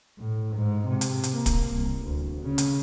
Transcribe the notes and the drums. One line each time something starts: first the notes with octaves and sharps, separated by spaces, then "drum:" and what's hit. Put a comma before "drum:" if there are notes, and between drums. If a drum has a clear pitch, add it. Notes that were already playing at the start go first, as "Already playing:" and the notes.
A2
G#2
C3
drum: hi-hat
drum: hi-hat
A#3
drum: kick, hi-hat
C2
D2
C#3
drum: hi-hat